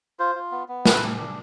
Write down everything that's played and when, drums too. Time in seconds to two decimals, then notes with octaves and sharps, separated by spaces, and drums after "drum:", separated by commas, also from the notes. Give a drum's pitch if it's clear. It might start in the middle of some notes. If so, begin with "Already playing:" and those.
0.19 F4 C5
0.35 F4
0.52 B3
0.68 B3
0.86 A3 B4, drum: snare
1.02 D4
1.18 D4